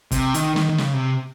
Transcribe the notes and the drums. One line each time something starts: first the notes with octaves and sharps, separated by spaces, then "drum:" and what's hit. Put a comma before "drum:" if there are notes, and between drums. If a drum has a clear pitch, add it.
C3, drum: kick, hi-hat
D#3, drum: hi-hat
D#3, drum: snare
D#3
C#3, drum: snare
C3